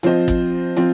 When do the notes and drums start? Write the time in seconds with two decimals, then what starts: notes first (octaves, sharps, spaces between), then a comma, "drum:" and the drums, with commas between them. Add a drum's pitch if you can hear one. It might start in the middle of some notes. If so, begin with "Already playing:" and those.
0.03 F3 C4 F4 C5 D#5, drum: hi-hat
0.28 drum: kick, hi-hat
0.76 F3 C4 F4, drum: hi-hat